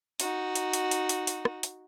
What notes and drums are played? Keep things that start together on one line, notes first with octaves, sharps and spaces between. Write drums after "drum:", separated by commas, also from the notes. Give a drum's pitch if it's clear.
D#4 F#4, drum: hi-hat
drum: hi-hat
drum: hi-hat
drum: hi-hat
drum: hi-hat
drum: hi-hat
drum: rim click
drum: hi-hat